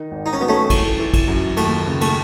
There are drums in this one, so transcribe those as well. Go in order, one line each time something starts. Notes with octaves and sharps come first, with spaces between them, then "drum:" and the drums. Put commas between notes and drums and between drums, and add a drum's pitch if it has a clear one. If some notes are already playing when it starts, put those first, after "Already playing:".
Already playing: D#3 D#4
G#1
D#4
C#4
F#3 B3
A3 C#4
E3, drum: kick, cymbal
E3
drum: kick, cymbal
F#2
D#2 A3, drum: cymbal
C#3
A3, drum: cymbal